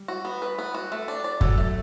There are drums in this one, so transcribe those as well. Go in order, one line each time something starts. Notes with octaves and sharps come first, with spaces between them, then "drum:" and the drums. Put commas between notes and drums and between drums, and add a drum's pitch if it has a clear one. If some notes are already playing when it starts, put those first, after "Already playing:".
Already playing: G3
F#4
B3
B4
B3
F#4
A3
D4
D5
F#3 A4, drum: kick F#1
A3